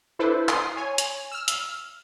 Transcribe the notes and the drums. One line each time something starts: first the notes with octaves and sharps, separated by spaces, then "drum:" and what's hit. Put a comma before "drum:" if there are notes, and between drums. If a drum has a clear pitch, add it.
D4 E4 A4 B4 C5
C6 D#6 C7, drum: clap
C#5 G#5
drum: hi-hat
E6 F6
drum: hi-hat